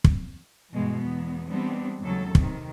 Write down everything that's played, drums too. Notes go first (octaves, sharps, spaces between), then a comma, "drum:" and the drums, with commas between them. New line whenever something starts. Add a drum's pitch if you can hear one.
drum: kick
G2 B2 E3 G#3
E2 G#3 B3
E3 G3 G#3 B3 C4 D4
D#2 C#3 F#3 A4
C3 D#3, drum: kick